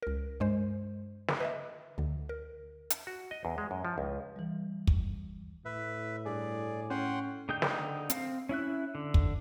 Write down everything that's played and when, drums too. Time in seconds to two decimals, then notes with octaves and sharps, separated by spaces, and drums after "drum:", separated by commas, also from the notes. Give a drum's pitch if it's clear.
0.03 C#2 A#4
0.40 G2 G#3 C5
1.28 drum: snare
1.40 B4 D#5 E5
1.98 D2 D3
2.29 A#4
2.90 drum: hi-hat
3.07 F#4
3.31 D#5
3.45 E2
3.58 G#3
3.71 F#2
3.85 F3
3.98 C#2
4.36 E3 G3
4.87 drum: kick
5.65 A2 B4 E5
6.25 G2 G#4 D5
6.90 C#4 F#5 G5 C6
7.49 D3 D#4 G#4 G5 G6
7.62 drum: snare
8.10 C4 F5, drum: hi-hat
8.49 C#4 E4 E5 F#6
8.95 D3
9.14 drum: kick